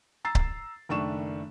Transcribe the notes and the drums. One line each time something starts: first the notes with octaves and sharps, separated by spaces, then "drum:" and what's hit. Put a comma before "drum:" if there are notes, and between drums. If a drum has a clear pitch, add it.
A#5 E6 A6 C7
drum: kick C#1
F#1 D#3 A3 D4 C#6 E7